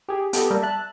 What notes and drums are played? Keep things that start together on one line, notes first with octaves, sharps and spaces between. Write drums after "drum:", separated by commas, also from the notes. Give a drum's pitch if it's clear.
G4 G#4
B3 G4 A4 D#5, drum: hi-hat
G3 A#3 A4 A#4
E5 A5 F#6